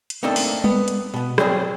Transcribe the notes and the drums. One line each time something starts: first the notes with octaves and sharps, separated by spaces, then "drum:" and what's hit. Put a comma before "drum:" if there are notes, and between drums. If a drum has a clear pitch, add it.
drum: hi-hat
A3 A#3 C4 D4 D#4 A4
drum: open hi-hat
B3, drum: tom G3
drum: hi-hat
B2 B3
F#3 G3 C4 G#4, drum: rim click